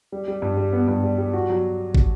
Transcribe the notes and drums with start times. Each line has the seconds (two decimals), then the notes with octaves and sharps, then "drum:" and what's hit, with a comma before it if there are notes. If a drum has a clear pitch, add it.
0.12 G3
0.28 G3
0.42 G2
0.57 G3
0.73 B3
0.88 G2
1.04 G3
1.18 G3
1.34 F#4
1.49 F#3
1.95 drum: kick